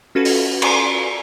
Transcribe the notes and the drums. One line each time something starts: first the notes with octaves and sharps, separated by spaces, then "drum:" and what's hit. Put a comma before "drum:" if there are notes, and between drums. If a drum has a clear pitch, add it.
C#4 F4 F#4 A4 B4
drum: open hi-hat
drum: cymbal